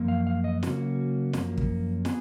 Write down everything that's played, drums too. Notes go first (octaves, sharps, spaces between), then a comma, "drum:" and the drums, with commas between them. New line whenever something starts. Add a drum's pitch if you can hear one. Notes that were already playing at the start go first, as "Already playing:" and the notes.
Already playing: F#2 F3 A#3
F5
F5
D#5
C#3 F#3 A#3 C#4 F#4, drum: snare
F#2 F3 A#3 C#4, drum: snare
drum: kick
B3 G#4, drum: snare